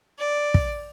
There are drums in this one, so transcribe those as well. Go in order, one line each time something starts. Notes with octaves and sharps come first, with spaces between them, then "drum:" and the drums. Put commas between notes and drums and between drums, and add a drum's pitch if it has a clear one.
D5
drum: kick